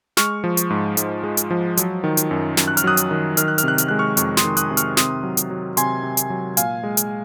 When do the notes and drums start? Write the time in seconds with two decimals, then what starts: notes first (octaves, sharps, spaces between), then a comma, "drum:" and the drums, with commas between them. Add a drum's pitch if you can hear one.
0.17 G#3 C#6 F6, drum: snare
0.44 F3
0.57 drum: hi-hat
0.70 G#2
0.97 G#2, drum: hi-hat
1.23 G#3
1.37 drum: hi-hat
1.51 F3
1.77 F#3, drum: hi-hat
2.04 D#3
2.17 drum: hi-hat
2.31 F#2
2.57 F#2, drum: snare
2.68 F#6
2.77 F6, drum: hi-hat
2.84 F#3 D#6 F#6
2.97 drum: hi-hat
3.11 D#3
3.37 D#3 F6, drum: hi-hat
3.48 F#6
3.58 F6, drum: hi-hat
3.63 C3 F#6
3.78 F6, drum: hi-hat
3.88 G#3 F#6
3.99 C#6 F6
4.17 F2 C#6 F6, drum: hi-hat
4.37 C6 D#6, drum: snare
4.44 D#3
4.57 D#6 F#6, drum: hi-hat
4.71 C3
4.77 C#6 F6, drum: hi-hat
4.97 C3 C6 D#6, drum: snare
5.23 F#3
5.37 drum: hi-hat
5.50 F#3
5.77 C3 G#5 C6, drum: hi-hat
6.03 C3
6.17 drum: hi-hat
6.30 F#3
6.57 A#2 F5 G#5, drum: hi-hat
6.83 G#3
6.97 drum: hi-hat